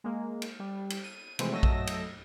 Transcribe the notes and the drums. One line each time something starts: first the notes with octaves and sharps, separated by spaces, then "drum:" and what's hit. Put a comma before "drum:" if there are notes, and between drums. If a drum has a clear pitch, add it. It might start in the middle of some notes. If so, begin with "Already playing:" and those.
G#3 A#3
drum: cymbal
G3
drum: cymbal
D#7
C3 E3 F3 G#3 A3 C4, drum: cymbal
F#3 A3 D#5 E6 A#6
drum: kick A#1
drum: cymbal